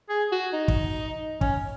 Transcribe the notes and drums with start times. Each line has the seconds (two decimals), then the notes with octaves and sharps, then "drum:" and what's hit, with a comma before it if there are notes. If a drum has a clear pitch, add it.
0.09 G#4
0.32 F#4
0.53 D#4
0.68 drum: kick
1.41 C#4, drum: kick